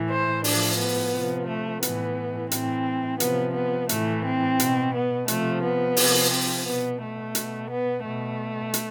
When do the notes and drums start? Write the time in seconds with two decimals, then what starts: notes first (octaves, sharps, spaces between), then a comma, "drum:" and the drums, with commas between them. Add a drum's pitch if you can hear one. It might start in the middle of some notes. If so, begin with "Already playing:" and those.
Already playing: A2 E3
0.10 C5
0.44 A2 F3 D4, drum: open hi-hat
0.79 B3
1.13 C3 F3
1.48 A3
1.83 A2 E3 B3, drum: hi-hat
2.51 A2 E3 C4, drum: hi-hat
3.20 C3 F3 B3, drum: hi-hat
3.55 B3
3.89 A2 E3 A3, drum: hi-hat
4.25 C4
4.60 B2, drum: hi-hat
4.94 B3
5.28 C3 F3 A3, drum: hi-hat
5.63 B3
5.97 C3 F3, drum: open hi-hat
6.32 C4
6.66 B2 B3
7.01 A3
7.35 B2, drum: hi-hat
7.70 B3
8.04 B2 A3
8.74 drum: hi-hat